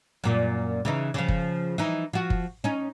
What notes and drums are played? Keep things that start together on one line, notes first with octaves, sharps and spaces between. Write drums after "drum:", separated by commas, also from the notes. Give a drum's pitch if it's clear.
F#2 A#2
C#3 E3 D#4
C#3 F3
drum: kick F#1
E3 D#4
F3 F#4
drum: kick F#1
C#4 D#4